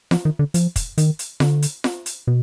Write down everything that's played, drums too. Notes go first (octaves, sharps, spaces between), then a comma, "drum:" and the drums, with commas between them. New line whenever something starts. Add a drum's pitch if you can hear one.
F3, drum: snare F4
D#3
D3
F3, drum: hi-hat
drum: kick, hi-hat
D#3, drum: hi-hat
drum: hi-hat
D3, drum: snare F4
drum: hi-hat
drum: snare F4
drum: hi-hat
B2